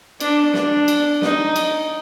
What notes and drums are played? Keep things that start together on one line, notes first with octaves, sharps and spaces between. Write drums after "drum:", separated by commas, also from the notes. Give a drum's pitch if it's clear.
D4, drum: cymbal
D4, drum: snare
drum: cymbal
D#4, drum: snare
drum: cymbal